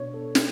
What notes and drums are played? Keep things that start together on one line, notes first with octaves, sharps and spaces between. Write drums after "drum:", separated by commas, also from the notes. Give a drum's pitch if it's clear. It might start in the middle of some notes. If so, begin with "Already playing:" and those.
Already playing: B2 D4 C#5
A4
E4, drum: snare